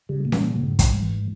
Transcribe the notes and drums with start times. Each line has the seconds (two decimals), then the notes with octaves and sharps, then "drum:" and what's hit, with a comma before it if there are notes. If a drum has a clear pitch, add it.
0.09 C#3 G3
0.25 A#2
0.32 E3 G3, drum: snare C#4
0.41 A#2
0.55 A#2 C#3
0.64 G#2
0.71 G2
0.79 G#2 E3 G3, drum: kick, hi-hat
1.02 E3